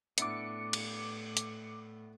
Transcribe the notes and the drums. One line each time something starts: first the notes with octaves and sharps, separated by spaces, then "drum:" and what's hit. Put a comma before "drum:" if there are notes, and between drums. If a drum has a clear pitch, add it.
A2 B3 D4 E4 D6 C#7, drum: hi-hat
drum: cymbal
drum: hi-hat